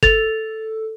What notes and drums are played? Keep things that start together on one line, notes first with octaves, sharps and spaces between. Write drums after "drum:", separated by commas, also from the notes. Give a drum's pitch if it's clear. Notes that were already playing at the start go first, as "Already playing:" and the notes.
A4 A6 F7, drum: kick